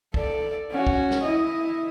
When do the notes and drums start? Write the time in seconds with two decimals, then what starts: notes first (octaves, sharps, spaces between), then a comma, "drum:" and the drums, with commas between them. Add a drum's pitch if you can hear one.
0.14 A4 D5, drum: kick
0.71 C#4 F#4
0.87 drum: kick
1.11 drum: snare
1.23 E4 D#5